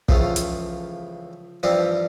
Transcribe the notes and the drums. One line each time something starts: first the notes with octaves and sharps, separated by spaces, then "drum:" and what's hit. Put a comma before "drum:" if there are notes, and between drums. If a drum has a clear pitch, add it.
C#2 C#3 E3 F3 A3 F4, drum: kick
drum: hi-hat
G2 E3 F3 G3 C4 F4